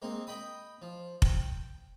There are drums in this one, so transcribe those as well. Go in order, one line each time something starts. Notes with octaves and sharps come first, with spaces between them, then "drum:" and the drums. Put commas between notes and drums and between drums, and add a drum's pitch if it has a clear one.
G#3 A#3 C4 D#4
D#5 G5 B5 D#6
F3
G5, drum: kick F1